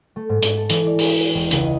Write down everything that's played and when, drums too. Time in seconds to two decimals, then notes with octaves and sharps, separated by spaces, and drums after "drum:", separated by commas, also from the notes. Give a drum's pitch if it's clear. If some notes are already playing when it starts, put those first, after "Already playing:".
0.16 A3
0.29 G#2
0.42 G#2, drum: hi-hat
0.58 A4
0.69 E3, drum: hi-hat
0.87 D5
0.99 A#4, drum: open hi-hat
1.10 B6
1.35 E1
1.51 C#2, drum: hi-hat
1.64 D#5